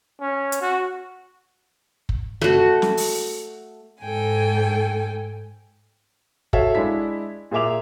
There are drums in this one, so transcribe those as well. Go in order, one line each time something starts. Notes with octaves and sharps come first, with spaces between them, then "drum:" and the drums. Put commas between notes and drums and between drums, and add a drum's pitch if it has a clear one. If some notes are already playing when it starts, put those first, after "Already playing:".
C#4
drum: hi-hat
F#4
drum: kick
A3 F#4, drum: tom
drum: snare
drum: open hi-hat
G#2 A4 G5 G#5
F#4 A4 C#5 E5 F5, drum: kick
G#3 D4 E4 B6
A#2 G#4 A#4 E5 D6 F7